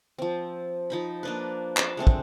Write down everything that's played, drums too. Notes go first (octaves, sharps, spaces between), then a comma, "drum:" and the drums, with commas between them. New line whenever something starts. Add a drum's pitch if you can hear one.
F3 C4
F3 D#4 B5
A#3 D4 B4
A5, drum: clap
G#3 A3 C4 D4
drum: kick